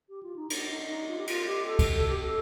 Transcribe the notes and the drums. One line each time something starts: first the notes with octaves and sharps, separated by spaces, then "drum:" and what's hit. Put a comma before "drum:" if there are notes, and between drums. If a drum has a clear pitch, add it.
G4
F4
D#4
D4, drum: cymbal
D#4
D4
D#4
F4
G4
F4, drum: cymbal
G4
A4
drum: kick, cymbal
A4
G4
A4